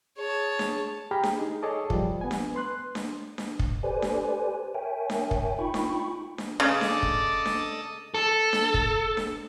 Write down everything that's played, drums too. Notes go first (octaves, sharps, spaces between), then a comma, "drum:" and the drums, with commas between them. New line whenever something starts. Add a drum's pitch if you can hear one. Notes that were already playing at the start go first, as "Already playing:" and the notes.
G#4 C#5 A5
drum: snare D4
G4 G#4 G5 A#5 B5 F6
drum: snare D4
D#4 G#4
G#4 A4 C#5 D#5 A5 D6
F3 G3, drum: kick
B3 G#5
drum: snare D4
B4 C6 F#6
drum: snare D4
drum: snare D4
drum: kick
G4 A4 B4 C5 D5 G#5
drum: snare D4
A#4 C#5 E5 G5 G#5
drum: snare D4
drum: kick
D#4 F4 G5 B5 C#6
drum: snare D4
drum: snare D4
C#3 A4 D5 D#5
drum: snare D4
drum: kick
drum: snare D4
A4
drum: snare D4
drum: kick
drum: snare D4